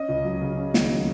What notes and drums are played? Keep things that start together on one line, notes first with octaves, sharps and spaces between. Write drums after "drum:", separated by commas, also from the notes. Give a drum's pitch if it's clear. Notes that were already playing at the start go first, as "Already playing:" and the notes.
Already playing: C#4 D#5
C#2
F#3
C#3
C#4
D#2, drum: snare
F#3